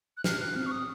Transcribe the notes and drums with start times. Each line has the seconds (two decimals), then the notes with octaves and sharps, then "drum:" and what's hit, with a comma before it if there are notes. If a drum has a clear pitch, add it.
0.17 F#6
0.24 F6, drum: snare
0.41 F#6
0.56 C4 F6
0.66 C#6
0.71 D#6